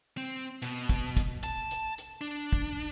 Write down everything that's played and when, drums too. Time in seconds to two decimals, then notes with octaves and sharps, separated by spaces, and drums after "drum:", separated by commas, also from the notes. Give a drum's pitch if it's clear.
0.17 C4
0.62 B2, drum: hi-hat
0.89 drum: kick, hi-hat
1.17 drum: kick, hi-hat
1.44 A5, drum: hi-hat
1.71 drum: hi-hat
1.98 drum: hi-hat
2.21 D4
2.53 drum: kick